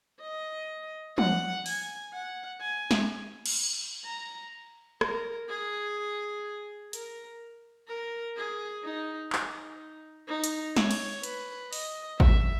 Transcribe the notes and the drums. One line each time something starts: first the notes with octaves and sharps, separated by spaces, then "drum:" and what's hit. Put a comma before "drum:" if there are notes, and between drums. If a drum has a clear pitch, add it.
D#5
F#5, drum: tom
G#5, drum: open hi-hat
F#5
G#5
drum: snare
drum: cymbal
A#5
A#4, drum: rim click
G#4
A#4, drum: hi-hat
A#4
G#4
D#4
D#4, drum: clap
D#4
drum: hi-hat
C#5, drum: snare
drum: cymbal
B4, drum: hi-hat
D#5, drum: open hi-hat
E5, drum: kick